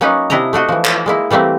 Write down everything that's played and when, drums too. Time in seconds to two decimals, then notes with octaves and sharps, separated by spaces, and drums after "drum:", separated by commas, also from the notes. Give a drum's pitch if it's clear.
0.01 F#3 A#3 C#4 D#4 B4
0.30 C3 D4 E4 D#5 A#5
0.53 A3 D4 F#4 D#5
0.69 E3 F3
0.85 drum: clap
1.06 G#3 A#3 E4
1.31 E3 G3 A3 A#3 C4